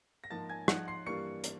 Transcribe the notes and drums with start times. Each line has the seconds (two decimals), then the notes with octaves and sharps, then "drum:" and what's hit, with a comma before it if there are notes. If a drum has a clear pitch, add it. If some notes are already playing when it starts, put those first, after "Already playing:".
0.24 A#6
0.30 G#2 F3 A#3 A5 A6
0.49 G#5 G#6
0.68 G#2 F3 G#3 F#5 F#6, drum: rim click
0.88 C6 C7
1.06 G2 E3 G3 A#3 C#6 C#7
1.44 drum: hi-hat